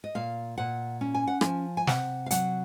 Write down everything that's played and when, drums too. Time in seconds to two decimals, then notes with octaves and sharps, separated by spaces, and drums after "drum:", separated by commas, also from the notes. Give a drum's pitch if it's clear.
0.04 D#5
0.15 A#2 F5
0.58 A#2 F#5
1.01 C#4
1.14 G#5
1.27 F#5
1.41 F3 G#5, drum: rim click
1.77 G#5
1.87 C3 F#5, drum: snare
2.26 F5
2.31 F#3 F#5, drum: hi-hat